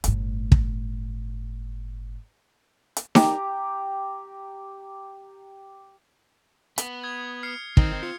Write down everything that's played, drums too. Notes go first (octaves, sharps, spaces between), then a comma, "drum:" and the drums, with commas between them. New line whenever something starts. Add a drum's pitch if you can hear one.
G1 A2, drum: hi-hat
drum: kick
drum: hi-hat
G4 A#5, drum: snare D#4
B3, drum: hi-hat
D#6 G#6
F6 C7 C#7
D#3 C4 D#4, drum: kick
F4 C#7